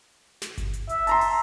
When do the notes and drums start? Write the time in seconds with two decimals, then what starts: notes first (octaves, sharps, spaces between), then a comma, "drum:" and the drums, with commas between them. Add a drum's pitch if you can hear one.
0.42 drum: snare
0.58 drum: kick G1, hi-hat
0.73 drum: hi-hat
0.89 E5, drum: hi-hat
1.07 A5 A#5 C6, drum: hi-hat
1.21 drum: open hi-hat